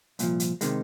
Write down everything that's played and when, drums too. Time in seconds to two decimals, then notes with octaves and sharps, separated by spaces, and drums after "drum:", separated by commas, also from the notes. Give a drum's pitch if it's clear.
0.19 C2 A#2 F3, drum: hi-hat
0.40 drum: hi-hat
0.61 C3 D#3 G#3, drum: hi-hat